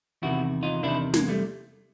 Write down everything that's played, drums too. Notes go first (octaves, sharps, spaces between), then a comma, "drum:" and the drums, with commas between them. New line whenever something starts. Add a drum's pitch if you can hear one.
E2 C3 D#3 E4 F#4
D#4 F4
E2 C3 D#3 D4 E4
G#3 A#3, drum: snare
G3 A3